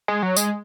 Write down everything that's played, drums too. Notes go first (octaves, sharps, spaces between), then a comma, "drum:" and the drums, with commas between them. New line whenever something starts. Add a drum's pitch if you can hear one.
G#3
F#3
G#3, drum: tambourine